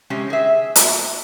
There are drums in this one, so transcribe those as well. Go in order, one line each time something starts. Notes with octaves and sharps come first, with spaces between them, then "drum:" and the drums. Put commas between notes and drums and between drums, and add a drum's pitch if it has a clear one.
C3 G#3 C#4 G4
G#4 E5
drum: hi-hat